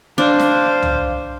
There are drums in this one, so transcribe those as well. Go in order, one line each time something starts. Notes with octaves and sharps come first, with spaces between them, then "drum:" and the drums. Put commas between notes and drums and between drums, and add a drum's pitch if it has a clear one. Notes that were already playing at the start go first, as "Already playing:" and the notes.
D4 C5 F5
drum: snare
drum: tom